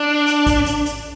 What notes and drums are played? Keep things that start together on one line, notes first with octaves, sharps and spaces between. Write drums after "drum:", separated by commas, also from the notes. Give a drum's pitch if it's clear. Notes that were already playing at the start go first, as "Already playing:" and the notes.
Already playing: D4
drum: hi-hat
drum: kick, hi-hat
drum: hi-hat
drum: hi-hat